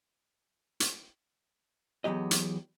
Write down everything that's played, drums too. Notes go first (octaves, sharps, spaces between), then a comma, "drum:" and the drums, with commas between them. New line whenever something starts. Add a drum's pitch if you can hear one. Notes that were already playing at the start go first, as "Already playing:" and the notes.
drum: hi-hat
E2 D#3 F#3 G4 D#5
drum: hi-hat